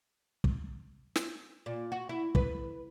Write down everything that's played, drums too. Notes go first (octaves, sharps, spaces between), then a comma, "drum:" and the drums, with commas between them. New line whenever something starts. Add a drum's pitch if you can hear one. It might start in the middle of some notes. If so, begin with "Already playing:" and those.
drum: kick
drum: snare
A#2
F#4
E4
B4, drum: kick